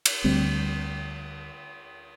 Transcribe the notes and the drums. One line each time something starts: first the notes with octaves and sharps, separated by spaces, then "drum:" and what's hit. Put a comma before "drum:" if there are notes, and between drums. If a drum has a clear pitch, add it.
drum: cymbal
D2 G3 C4